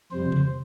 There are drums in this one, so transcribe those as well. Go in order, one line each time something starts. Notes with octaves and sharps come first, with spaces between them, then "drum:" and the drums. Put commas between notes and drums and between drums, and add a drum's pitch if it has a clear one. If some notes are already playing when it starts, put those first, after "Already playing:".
F2 C3 G3 C5
drum: tom C3